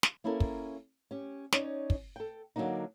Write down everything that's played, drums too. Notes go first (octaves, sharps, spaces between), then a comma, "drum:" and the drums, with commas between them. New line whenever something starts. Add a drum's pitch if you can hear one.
drum: snare
A#3 C#4 E4 A4 A#4
drum: kick
C#4 G4
C#4 D#4 C#5 D5, drum: snare
drum: kick
A4 G5
D3 F#3 G#3 A#3 D4 D#4